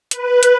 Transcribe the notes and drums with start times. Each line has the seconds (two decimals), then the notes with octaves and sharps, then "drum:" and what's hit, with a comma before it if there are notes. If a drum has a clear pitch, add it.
0.11 B4, drum: hi-hat
0.43 drum: hi-hat